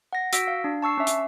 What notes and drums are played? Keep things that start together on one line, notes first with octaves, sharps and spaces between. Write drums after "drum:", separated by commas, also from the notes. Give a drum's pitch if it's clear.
F#5 A#6
F#4 E6 A#6 B6 D7, drum: hi-hat
F5
D4
A5 C#6 E6 C7
C#4 E5
drum: hi-hat